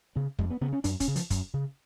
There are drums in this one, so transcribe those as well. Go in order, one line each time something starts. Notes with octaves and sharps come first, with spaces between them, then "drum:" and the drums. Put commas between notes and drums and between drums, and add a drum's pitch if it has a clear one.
C#3 B3
F2 G#3, drum: kick
B3
C#3 B3
C#4
F#2 D4, drum: hi-hat
C#4, drum: kick, hi-hat
C#3
F3, drum: hi-hat
F#2, drum: kick, hi-hat
C#3